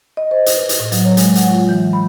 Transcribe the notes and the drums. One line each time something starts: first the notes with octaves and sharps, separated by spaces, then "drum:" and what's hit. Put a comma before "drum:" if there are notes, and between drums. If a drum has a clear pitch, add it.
D#5
C5
drum: hi-hat
B4
drum: hi-hat
A2
F#3, drum: hi-hat
C#5
G#3, drum: hi-hat
F#5, drum: hi-hat
F4
E3
B5